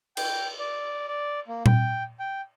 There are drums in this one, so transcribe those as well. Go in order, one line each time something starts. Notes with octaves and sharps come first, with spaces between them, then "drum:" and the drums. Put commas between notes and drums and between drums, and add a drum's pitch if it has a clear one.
G5, drum: cymbal
D5
D5
A#3
G5, drum: tom A#2
G5